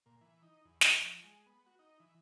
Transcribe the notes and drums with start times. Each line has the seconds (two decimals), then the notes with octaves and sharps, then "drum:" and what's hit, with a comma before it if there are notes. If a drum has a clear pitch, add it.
0.06 A#2
0.21 E3
0.42 D#4
0.65 E2
0.81 D5, drum: snare
0.98 F3
1.24 G#3
1.46 B3
1.66 F#4
1.79 D#4
2.00 E3